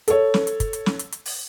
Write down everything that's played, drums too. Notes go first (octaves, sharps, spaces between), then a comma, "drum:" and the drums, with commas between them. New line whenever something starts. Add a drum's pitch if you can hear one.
A4 C#5, drum: hi-hat
drum: snare
drum: hi-hat
drum: kick, hi-hat
drum: hi-hat
drum: snare
drum: hi-hat
drum: hi-hat
drum: open hi-hat